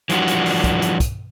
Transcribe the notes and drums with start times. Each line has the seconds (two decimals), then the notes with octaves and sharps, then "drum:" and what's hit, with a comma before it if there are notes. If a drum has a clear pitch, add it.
0.09 E3 F3 G3 D4 F#4, drum: hi-hat
0.28 drum: hi-hat
0.46 drum: open hi-hat
0.64 drum: kick, hi-hat
0.82 drum: hi-hat
1.00 drum: kick, hi-hat